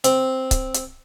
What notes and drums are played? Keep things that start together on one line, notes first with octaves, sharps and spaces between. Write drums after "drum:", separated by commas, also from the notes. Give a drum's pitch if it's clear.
C4, drum: hi-hat
drum: kick C#1, hi-hat
drum: hi-hat